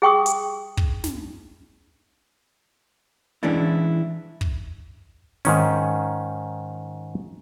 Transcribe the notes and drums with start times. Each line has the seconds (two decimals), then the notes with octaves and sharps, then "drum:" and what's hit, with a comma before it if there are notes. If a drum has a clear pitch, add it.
0.02 G#4 G5 C#6 D#6
0.26 drum: hi-hat
0.77 drum: kick
1.04 drum: snare
3.43 E3 G#3 C#4 D4 E4
4.41 drum: kick
5.45 G#2 D#3 C#4, drum: open hi-hat